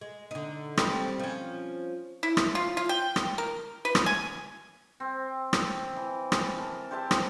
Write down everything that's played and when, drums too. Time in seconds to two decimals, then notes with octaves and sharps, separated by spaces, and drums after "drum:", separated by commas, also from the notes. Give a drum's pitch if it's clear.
0.01 G#3
0.31 D3 D#4
0.77 G3 G#3 C4, drum: rim click
1.19 F3 C#4
2.23 E4
2.37 drum: rim click
2.55 F4
2.77 F4
2.89 G5
3.16 drum: rim click
3.38 A#4
3.85 B4
3.95 drum: rim click
4.06 G#5
5.00 C4
5.53 drum: rim click
5.96 E3
6.32 drum: rim click
6.58 A#4 A5
6.91 G4 C5 E5 A5
7.11 drum: rim click